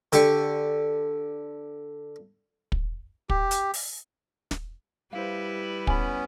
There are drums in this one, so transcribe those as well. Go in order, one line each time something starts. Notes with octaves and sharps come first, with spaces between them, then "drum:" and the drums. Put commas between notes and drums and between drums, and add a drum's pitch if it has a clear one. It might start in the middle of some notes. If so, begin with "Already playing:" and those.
D3 G4 C#6, drum: hi-hat
drum: kick
G4, drum: kick
drum: hi-hat
drum: open hi-hat
drum: snare
G3 E4 B4 C5 F5
B3 C#4 G#5 B5, drum: kick